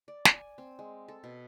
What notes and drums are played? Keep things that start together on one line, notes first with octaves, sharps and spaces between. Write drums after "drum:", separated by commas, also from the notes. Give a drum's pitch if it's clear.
D5
G#5, drum: snare
C4
G#3
A4
B2